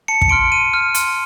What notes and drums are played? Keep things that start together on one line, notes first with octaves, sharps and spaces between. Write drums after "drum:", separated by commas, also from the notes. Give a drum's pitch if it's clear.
A5 C#7
C#7, drum: kick
C6 F6 D7
A5 D#7
C6 F6
C6, drum: hi-hat